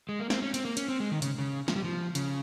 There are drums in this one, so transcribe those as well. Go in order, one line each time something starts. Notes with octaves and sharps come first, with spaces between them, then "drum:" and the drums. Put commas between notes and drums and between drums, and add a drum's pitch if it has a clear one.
G#3
A#3
C4, drum: snare
C#4
C4, drum: hi-hat
A#3
C#4, drum: hi-hat
C4
G#3
D#3
C#3, drum: hi-hat
C#3
F3, drum: snare
G3
F3
C#3, drum: hi-hat